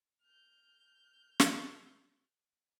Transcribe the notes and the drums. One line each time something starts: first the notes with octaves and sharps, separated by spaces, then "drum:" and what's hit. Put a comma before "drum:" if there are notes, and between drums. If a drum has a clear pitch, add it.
F6 G6
drum: snare